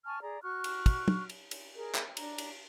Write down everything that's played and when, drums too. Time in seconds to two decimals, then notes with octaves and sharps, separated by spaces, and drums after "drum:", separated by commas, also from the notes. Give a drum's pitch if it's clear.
0.05 G#5 A5 C#6 F6
0.21 G#4 D5 A#5
0.42 F#4 C#6 F6 F#6
0.64 drum: cymbal
0.86 drum: kick, cymbal
1.08 drum: tom
1.29 drum: cymbal
1.51 drum: cymbal
1.76 G#4 A#4
1.95 drum: clap
2.17 D4 A#5, drum: cymbal
2.38 drum: cymbal